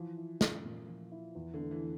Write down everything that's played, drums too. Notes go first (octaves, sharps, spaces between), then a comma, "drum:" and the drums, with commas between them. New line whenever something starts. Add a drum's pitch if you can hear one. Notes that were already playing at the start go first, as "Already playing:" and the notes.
Already playing: E3 F3
E4
C#4, drum: snare
A#2
F3
E4
E2
D3
A3
E3
E3